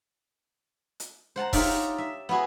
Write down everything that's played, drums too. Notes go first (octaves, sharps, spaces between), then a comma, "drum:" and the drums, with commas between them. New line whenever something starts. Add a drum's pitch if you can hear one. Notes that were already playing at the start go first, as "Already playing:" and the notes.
drum: hi-hat
C5 F#5 A5 A#5
D#4 F4 G4 C#5 D5 E5, drum: kick E1, open hi-hat
E5
B3 E4 F#4 G#4